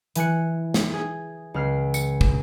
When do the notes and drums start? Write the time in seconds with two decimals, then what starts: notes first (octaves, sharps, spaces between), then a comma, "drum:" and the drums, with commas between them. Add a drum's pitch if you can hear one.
0.16 E3 G#5 F#6 C#7, drum: hi-hat
0.74 drum: snare
0.93 G#4
1.54 C#2 F6 C7
1.94 C#7, drum: tambourine
2.21 drum: kick